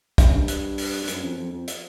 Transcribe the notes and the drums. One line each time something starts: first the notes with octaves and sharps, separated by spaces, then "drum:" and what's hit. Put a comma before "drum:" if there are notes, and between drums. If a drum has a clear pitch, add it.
F#2, drum: kick, hi-hat
G2
drum: hi-hat
drum: open hi-hat
G2
F#2, drum: hi-hat
F2
F2
F2
drum: hi-hat